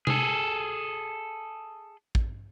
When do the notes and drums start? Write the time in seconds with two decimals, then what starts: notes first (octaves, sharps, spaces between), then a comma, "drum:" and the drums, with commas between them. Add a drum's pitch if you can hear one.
0.07 G#4 A4, drum: tom C3
2.15 drum: kick A1